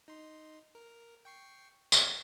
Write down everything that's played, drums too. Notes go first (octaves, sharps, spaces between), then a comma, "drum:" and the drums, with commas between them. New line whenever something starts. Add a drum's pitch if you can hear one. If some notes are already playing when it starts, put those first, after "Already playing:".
D#4 C6
A#4
G5 C#6 C7
F#5, drum: tambourine